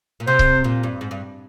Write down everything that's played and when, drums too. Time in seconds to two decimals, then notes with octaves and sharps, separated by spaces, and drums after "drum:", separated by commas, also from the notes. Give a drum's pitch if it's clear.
0.20 A#2
0.27 C3 C5
0.39 drum: kick C#1
0.64 A#2
0.83 G2
1.01 G#2
1.11 G2